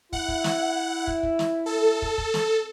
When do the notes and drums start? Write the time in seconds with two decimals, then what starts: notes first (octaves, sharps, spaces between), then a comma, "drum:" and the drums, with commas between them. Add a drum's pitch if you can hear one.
0.13 E4 F#5, drum: kick
0.28 drum: kick
0.44 drum: snare
1.07 drum: kick
1.23 drum: kick
1.39 drum: snare
1.66 A4
2.02 drum: kick
2.18 drum: kick
2.34 drum: snare